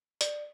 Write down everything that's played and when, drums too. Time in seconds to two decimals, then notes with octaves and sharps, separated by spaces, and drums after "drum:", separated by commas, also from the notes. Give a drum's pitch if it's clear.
0.21 D5, drum: hi-hat